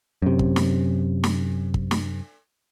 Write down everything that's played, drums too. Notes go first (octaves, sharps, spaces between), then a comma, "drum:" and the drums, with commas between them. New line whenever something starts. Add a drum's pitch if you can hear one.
F#2 C3
drum: kick
drum: snare
drum: snare
drum: kick
drum: snare